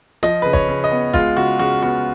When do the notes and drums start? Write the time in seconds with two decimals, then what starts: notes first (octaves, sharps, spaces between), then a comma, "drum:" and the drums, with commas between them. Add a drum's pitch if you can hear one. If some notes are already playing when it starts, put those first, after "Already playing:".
0.23 F3 D#5, drum: snare
0.42 C#3 B4
0.53 C#5, drum: kick
0.69 C#3
0.84 D#5
0.92 B3
1.14 G#3 F4, drum: kick
1.37 C#3 F#4
1.59 C#3 F#4
1.82 B3 F#4